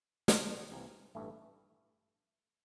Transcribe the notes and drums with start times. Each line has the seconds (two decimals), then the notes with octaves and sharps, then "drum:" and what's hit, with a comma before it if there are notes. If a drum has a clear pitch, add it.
0.28 G1 G2 D3, drum: snare
0.71 C2 C3 E3
1.15 A1 G2 E3 A3